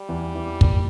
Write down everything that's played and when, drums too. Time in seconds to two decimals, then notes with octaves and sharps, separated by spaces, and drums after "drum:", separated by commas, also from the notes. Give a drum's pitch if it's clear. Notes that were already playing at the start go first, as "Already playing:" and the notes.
Already playing: G3
0.09 E2 E3
0.35 E2 E3
0.61 A#2, drum: kick